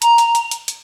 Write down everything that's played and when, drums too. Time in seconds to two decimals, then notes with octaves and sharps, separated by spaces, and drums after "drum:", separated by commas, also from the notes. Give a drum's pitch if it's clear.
0.02 A#5, drum: hi-hat
0.18 drum: hi-hat
0.35 drum: hi-hat
0.51 drum: hi-hat
0.68 drum: hi-hat